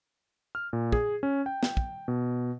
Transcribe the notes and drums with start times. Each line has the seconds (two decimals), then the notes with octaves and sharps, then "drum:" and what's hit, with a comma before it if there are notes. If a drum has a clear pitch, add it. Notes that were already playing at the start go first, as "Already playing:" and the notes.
0.55 F6
0.73 A#2
0.92 G#4, drum: kick
1.23 C#4
1.46 G5
1.63 drum: snare
1.77 drum: kick
2.08 B2